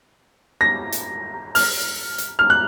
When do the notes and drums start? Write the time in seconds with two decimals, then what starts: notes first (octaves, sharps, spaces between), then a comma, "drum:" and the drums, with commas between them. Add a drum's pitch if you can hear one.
0.61 A#6
0.92 drum: hi-hat
1.55 F6, drum: open hi-hat
2.18 drum: hi-hat
2.39 F6
2.50 F#6